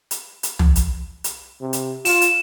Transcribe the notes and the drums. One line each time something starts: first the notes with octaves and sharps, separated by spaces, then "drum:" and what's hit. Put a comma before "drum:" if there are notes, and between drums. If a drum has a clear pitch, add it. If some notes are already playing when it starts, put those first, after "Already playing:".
drum: hi-hat
drum: hi-hat
drum: tom
drum: hi-hat
drum: hi-hat
C3
drum: hi-hat
F4 E7, drum: open hi-hat
drum: hi-hat